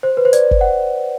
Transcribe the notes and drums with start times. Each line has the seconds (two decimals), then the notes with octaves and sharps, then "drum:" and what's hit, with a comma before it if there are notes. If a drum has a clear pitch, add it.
0.03 C5
0.17 B4
0.25 C5
0.33 D5, drum: hi-hat
0.51 drum: kick
0.61 F#5